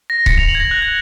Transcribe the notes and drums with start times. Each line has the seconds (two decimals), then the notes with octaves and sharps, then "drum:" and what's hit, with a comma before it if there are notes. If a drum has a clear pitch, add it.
0.10 A#6
0.26 C#7, drum: kick C#1
0.38 F7
0.48 F#7
0.55 G#6
0.60 A#6
0.71 F#6
0.82 G#6